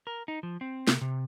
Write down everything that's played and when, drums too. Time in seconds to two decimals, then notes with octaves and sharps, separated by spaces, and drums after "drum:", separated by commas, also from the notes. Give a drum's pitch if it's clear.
0.07 A#4
0.28 D#4
0.43 F3
0.61 C4
0.88 C3, drum: snare
1.01 C3